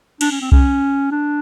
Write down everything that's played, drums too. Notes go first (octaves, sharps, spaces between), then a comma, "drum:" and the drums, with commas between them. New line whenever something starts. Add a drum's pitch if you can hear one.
D4, drum: cymbal
C#4
C4
C#4, drum: kick C2
D4